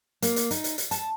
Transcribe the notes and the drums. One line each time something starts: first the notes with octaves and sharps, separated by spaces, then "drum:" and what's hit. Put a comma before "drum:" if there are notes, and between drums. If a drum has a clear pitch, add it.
A#3, drum: hi-hat
drum: hi-hat
D#4, drum: hi-hat
drum: hi-hat
drum: hi-hat
A5, drum: hi-hat